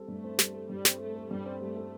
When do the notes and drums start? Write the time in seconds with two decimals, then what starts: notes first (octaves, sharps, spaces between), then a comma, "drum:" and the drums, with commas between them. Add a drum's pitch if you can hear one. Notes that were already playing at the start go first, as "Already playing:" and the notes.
Already playing: G3 C4 A4
0.08 G2 A3
0.24 C4
0.39 G3, drum: snare
0.54 A4
0.70 G2 G3
0.85 C4, drum: snare
1.00 G3 A3
1.15 A4
1.30 G2 G3
1.46 C4
1.61 G3 A3
1.76 A4